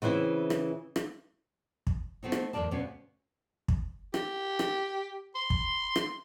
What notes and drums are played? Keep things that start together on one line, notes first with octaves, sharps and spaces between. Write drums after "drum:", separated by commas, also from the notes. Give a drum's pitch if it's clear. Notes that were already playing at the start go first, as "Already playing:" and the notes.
C#3 E3 C4 E4
drum: rim click
drum: rim click
drum: kick
A3 B3 C4 D#4
drum: rim click
E2 G#2 C#3 A#4 D5 A5
D2 G2 B2 B3 C#4
drum: kick
G4, drum: rim click
drum: rim click
C6
drum: kick
drum: rim click